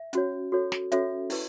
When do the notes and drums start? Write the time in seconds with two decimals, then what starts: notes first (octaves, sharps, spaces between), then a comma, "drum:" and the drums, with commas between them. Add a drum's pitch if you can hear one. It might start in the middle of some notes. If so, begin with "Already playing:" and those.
Already playing: E5
0.13 C#4 F#4 C#5, drum: hi-hat
0.52 F#4 A4 C#5
0.72 drum: snare
0.92 C#4 F#4 A4 C#5 E5, drum: hi-hat
1.30 E4 B4, drum: open hi-hat